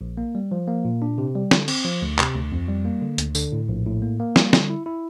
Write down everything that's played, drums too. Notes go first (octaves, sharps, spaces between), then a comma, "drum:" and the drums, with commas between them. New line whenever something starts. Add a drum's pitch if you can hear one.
A#1
A#3
G3
F3
A#3
A#2
D4
C3
G3
D3, drum: snare
C4, drum: cymbal
F3
D2
C3, drum: clap
D2
F2
G3
A#3
D3
D2, drum: hi-hat
D3, drum: tambourine
A2
A#1
A2
A#3
A#3
G3, drum: snare
D3, drum: snare
E4
E4